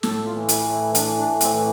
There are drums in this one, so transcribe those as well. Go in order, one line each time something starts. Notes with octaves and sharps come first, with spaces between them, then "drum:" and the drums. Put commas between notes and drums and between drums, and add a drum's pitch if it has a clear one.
A2 A4, drum: snare
F4
E3
E4, drum: hi-hat
A2
E4
E3 D4, drum: hi-hat
D4
A2
C4, drum: hi-hat
E3